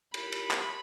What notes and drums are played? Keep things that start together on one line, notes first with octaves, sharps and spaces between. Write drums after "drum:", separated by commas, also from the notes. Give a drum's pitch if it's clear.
B5, drum: cymbal
drum: cymbal
drum: clap